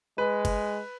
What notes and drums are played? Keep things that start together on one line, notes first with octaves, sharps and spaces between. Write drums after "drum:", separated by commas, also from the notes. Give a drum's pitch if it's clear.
G#3 B4
drum: kick, cymbal